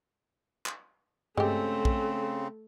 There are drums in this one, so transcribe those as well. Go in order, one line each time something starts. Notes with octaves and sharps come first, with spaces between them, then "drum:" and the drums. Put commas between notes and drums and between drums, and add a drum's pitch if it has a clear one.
drum: clap
C#3 G#3 A3 C4 G4, drum: tom G2
drum: kick